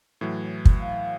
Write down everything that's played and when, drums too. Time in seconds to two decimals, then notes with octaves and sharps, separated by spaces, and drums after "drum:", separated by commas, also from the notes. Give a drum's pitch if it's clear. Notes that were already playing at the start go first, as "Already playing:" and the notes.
0.21 A2 E3 F#3
0.65 drum: kick
0.80 F5